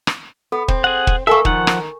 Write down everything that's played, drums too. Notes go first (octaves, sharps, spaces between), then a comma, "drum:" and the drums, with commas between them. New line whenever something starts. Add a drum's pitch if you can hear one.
drum: rim click
B3 A4
C4, drum: kick
G#4 F#5
drum: kick
A#3 A4 A#4 E5 G#5 C#6
D#3 F3 F#5, drum: kick
drum: rim click